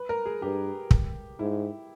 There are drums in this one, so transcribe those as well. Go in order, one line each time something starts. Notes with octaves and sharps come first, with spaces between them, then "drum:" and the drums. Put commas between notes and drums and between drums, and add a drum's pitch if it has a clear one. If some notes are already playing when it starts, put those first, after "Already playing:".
Already playing: B4
A#4
G#4
G2 G4
drum: kick
G#2 E4